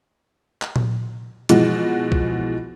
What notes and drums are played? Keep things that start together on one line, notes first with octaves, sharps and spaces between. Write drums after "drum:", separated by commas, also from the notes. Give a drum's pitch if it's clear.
drum: clap
drum: tom A#2
B2 E3 F3 G#3 F#4, drum: hi-hat
drum: kick B1